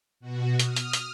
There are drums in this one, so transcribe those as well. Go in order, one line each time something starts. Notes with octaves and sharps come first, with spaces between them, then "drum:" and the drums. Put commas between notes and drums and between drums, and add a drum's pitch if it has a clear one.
B2 F#4
D#6 F6, drum: hi-hat
drum: hi-hat
drum: hi-hat